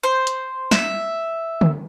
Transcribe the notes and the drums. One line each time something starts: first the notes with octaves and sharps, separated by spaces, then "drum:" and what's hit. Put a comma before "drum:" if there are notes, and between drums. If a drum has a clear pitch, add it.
C5
drum: hi-hat
E5, drum: snare
drum: tom D3